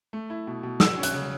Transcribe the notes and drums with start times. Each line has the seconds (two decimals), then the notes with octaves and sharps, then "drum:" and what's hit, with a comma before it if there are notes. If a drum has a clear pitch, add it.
0.13 A3
0.30 E4
0.47 B2
0.63 B2
0.80 F#3 E6, drum: snare
0.97 C#4
1.03 F#6, drum: hi-hat
1.14 C#3